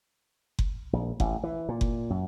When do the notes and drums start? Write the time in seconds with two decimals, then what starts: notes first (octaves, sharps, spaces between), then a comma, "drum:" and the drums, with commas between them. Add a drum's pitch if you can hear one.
0.59 drum: kick F#1
0.93 A#1
1.20 A1, drum: kick F#1
1.43 E3
1.69 A#2
1.81 drum: kick F#1
2.10 F#2